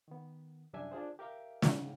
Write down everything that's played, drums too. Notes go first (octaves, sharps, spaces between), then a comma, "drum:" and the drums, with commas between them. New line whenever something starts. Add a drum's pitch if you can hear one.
D#3 B3
C2 F#2 G3 D4 E5 G#5
D4 F4 G#4 C5
G4 A#4 E5 F5 G5
drum: snare
G#2 C#3